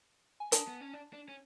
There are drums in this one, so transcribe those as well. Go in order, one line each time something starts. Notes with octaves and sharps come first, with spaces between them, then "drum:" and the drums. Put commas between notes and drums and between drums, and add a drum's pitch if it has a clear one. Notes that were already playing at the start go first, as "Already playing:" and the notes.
G#5
D4 A5, drum: hi-hat
B3
C#4
D4
D4
C#4